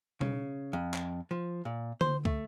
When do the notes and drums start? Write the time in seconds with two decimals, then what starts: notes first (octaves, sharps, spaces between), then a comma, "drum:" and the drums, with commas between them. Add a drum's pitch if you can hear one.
0.21 C#3, drum: tom B2
0.73 F2
0.94 drum: clap
1.31 F3
1.65 A#2
2.01 C5, drum: tom D3
2.25 A3, drum: kick